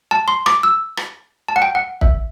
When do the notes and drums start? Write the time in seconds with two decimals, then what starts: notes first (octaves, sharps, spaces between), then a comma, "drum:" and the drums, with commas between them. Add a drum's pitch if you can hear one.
0.11 A5
0.28 C6
0.46 D6, drum: rim click
0.63 E6
0.97 drum: rim click
1.48 A5
1.56 F#5
1.62 G5
1.75 F#5
2.01 E5, drum: kick